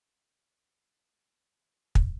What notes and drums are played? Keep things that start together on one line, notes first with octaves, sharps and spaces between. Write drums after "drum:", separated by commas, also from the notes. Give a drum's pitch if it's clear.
F3 G#3 F#4 A4 B4
drum: kick